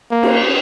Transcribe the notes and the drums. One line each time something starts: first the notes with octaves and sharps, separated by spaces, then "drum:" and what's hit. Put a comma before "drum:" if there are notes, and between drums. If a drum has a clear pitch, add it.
A#3
drum: cymbal